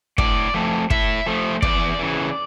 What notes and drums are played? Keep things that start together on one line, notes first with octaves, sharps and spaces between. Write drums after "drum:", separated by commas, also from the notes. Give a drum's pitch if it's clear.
A2 D5, drum: kick
F3 A3
A2 E5, drum: kick
F3 A3
E2 D5, drum: kick
C#3 E3